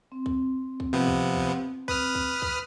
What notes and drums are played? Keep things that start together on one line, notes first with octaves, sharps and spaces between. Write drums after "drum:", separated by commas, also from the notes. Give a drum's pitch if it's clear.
C4
drum: kick C2
drum: kick C2
C3 F3 B3
drum: kick C2
drum: kick C2
B4 D#6 F6, drum: kick C2
drum: kick C2
drum: kick C2